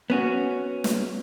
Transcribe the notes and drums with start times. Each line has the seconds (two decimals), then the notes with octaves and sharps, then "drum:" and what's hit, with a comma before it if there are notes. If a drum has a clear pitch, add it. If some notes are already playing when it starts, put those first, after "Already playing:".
0.10 B3 C#4 F#4
0.84 drum: snare